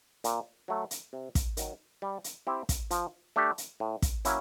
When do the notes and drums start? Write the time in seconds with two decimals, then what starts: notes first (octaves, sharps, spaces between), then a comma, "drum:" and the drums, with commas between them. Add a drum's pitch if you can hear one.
0.24 A#2, drum: hi-hat
0.68 F#3 A3
0.91 drum: hi-hat
1.13 C3
1.35 drum: kick, hi-hat
1.57 D#3 F#3, drum: hi-hat
2.02 G3
2.24 drum: hi-hat
2.47 C4 E4 G4
2.69 drum: kick, hi-hat
2.91 F3, drum: hi-hat
3.36 A3 D4 G4
3.58 drum: hi-hat
3.80 A2
4.02 drum: kick, hi-hat
4.25 F#3 A#3 C#4 E4, drum: hi-hat